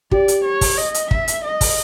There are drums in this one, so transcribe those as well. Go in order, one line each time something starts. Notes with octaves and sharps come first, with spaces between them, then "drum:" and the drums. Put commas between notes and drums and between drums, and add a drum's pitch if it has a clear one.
G4 D5, drum: kick
drum: hi-hat
C#5
drum: kick, open hi-hat
D#5
drum: hi-hat
E5, drum: kick
drum: hi-hat
D#5
drum: kick, open hi-hat